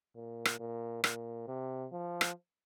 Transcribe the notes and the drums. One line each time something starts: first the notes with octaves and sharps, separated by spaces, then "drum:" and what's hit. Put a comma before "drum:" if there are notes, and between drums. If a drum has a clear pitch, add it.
A#2
drum: rim click
A#2
A#2, drum: rim click
C3
F3
drum: rim click